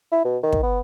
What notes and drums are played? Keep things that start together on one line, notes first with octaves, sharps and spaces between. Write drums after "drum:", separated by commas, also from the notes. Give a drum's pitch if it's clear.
E4
B2
D#3
drum: kick
B3